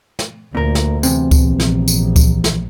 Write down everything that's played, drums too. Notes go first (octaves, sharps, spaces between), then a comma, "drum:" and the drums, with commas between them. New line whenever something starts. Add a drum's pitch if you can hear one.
drum: snare
D2 A#2 A#4
drum: snare
E2 C3, drum: tambourine
drum: kick C#2, tambourine
A#1
drum: snare
drum: tambourine
drum: kick C#2, tambourine
drum: snare